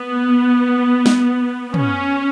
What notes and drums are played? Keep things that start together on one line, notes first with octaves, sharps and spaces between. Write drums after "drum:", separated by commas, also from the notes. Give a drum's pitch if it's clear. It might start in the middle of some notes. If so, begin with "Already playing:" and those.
Already playing: B3
drum: snare
C#4, drum: tom